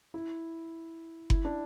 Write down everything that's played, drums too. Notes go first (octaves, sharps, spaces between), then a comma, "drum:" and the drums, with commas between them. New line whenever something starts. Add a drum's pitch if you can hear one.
E4
E4, drum: kick F#1
D4